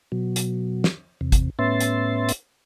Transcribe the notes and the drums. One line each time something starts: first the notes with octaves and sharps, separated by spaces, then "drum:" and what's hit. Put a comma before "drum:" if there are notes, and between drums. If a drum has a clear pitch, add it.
B2 F#3
drum: hi-hat
drum: snare
E2 C3
drum: kick, hi-hat
A2 B3 C#4 E5 C6 A6
drum: hi-hat
drum: hi-hat